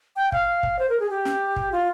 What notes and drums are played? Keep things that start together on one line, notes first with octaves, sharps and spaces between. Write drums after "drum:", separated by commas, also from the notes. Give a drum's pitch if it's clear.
G5
F5, drum: kick
drum: kick
C5
A#4
G#4
G4
drum: snare
drum: kick
F4